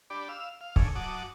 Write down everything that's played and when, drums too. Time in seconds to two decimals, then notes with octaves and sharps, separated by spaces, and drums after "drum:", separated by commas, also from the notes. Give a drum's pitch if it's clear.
0.10 D4 G4 D5 B5
0.29 F5 E6
0.61 F5
0.76 D4 G#4 A4 C#5, drum: kick
0.95 F#2 F#5 A5 D6 D#6